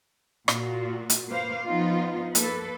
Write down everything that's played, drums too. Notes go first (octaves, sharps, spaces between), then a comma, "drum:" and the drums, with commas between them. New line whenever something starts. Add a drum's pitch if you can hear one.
A#2 F4 F#4, drum: rim click
drum: hi-hat
A#3 B4 C5 F5
F3 B3 D#4 F4
A#3 A4 B4, drum: hi-hat